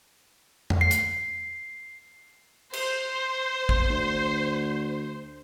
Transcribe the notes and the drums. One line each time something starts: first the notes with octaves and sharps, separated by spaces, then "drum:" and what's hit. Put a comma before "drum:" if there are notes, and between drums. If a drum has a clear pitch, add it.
drum: tom F2
C7
drum: hi-hat
C5, drum: cymbal
drum: kick
D2